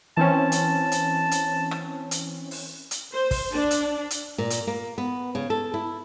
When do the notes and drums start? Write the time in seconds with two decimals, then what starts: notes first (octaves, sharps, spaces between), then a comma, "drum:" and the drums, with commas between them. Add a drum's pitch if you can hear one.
0.17 E3 C4 C#4 A5
0.52 drum: hi-hat
0.92 drum: hi-hat
1.31 drum: hi-hat
1.71 drum: rim click
2.11 drum: hi-hat
2.51 drum: open hi-hat
2.91 drum: hi-hat
3.13 C5
3.31 drum: kick, open hi-hat
3.53 D4
3.71 drum: hi-hat
4.10 drum: hi-hat
4.38 A#2
4.50 drum: hi-hat
4.67 A#3
4.98 B3
5.35 C#3
5.50 A4
5.74 E4